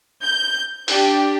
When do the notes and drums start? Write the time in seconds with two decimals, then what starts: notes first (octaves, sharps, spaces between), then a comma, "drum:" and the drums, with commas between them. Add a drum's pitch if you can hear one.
0.22 G6
0.88 D4 G4, drum: open hi-hat